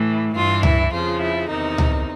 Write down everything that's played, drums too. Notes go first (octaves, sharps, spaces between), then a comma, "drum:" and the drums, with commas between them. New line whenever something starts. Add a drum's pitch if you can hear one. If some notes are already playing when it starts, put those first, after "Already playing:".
Already playing: A2 E3
G2 E3 F4
E4, drum: tom C#2
F2 C#3 F3 F4
E4
E2 C3 D#3 D#4
drum: tom C#2